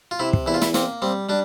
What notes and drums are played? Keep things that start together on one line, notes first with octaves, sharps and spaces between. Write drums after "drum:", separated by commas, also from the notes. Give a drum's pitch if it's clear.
F4
C3 E4
drum: kick
E2 E4
F4
E4, drum: snare
A#3 C4, drum: snare
G3 C4
G3 D4